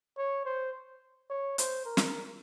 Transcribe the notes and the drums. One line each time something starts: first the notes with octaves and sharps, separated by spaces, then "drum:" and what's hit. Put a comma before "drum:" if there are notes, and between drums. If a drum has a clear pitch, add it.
C#5
C5
C#5
C5, drum: hi-hat
A#4
drum: snare